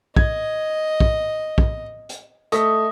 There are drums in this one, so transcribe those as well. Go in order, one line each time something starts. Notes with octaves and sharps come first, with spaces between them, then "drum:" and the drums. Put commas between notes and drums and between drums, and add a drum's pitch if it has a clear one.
D#5 G#6, drum: kick
drum: kick
drum: kick
drum: hi-hat
A3 D#5 E5, drum: hi-hat